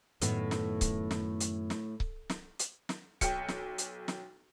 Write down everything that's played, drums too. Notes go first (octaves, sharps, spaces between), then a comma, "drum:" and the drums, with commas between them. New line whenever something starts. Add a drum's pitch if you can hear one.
F#2 A2 D#3 B3, drum: hi-hat
drum: snare
drum: kick C#1, hi-hat
drum: snare
drum: hi-hat
drum: snare
drum: kick C#1
drum: snare
drum: hi-hat
drum: snare
B1 G5 C#7, drum: kick C#1, hi-hat
drum: snare
drum: hi-hat
drum: snare